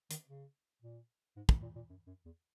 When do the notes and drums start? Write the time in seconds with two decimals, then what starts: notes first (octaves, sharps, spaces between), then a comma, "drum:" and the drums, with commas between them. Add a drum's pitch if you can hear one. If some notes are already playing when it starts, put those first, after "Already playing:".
0.11 D#3, drum: hi-hat
0.28 C#3
0.82 A#2
1.36 G#2
1.49 F#2, drum: kick
1.62 A#2
1.76 A#2
1.90 F#2
2.07 F#2
2.25 E2